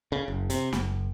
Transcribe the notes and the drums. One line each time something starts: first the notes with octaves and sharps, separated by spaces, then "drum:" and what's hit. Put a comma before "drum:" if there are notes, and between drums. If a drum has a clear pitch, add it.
C#3
F#1
C3, drum: hi-hat
F#1, drum: snare